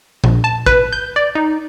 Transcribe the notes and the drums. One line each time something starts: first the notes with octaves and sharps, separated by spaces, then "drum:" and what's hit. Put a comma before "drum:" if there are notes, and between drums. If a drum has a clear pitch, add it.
A#1, drum: tom A#2
A5
B4, drum: kick A1
G6
D5
D#4